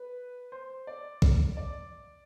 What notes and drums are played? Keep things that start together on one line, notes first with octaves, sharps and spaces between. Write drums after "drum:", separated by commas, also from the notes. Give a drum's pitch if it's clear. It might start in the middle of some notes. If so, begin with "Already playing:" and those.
Already playing: B4
C5
D5
drum: kick
D5